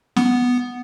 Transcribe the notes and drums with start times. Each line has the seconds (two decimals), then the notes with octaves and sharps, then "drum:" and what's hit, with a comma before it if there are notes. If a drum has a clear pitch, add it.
0.16 B3, drum: snare